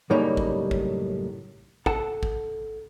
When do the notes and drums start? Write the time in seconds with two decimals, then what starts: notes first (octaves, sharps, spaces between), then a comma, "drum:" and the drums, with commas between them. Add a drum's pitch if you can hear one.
0.10 F#2 A2 C#3 G3 A#3 D#4
0.37 drum: kick
0.71 drum: kick
1.86 A4 F#5 A5, drum: kick
2.23 drum: kick